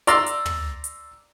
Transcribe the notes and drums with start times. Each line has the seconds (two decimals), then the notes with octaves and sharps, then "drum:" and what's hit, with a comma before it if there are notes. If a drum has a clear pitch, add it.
0.07 D5 A#5 C6 E6, drum: hi-hat
0.26 drum: hi-hat
0.46 drum: tom
0.84 drum: hi-hat